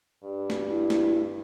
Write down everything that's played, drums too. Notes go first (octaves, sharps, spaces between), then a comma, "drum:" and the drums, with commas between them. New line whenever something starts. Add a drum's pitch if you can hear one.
G2
drum: snare
E4
drum: snare